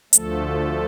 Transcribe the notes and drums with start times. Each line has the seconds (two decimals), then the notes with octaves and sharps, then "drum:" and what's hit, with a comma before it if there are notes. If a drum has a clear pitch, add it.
0.13 D2 D3 F3 A3 A4, drum: hi-hat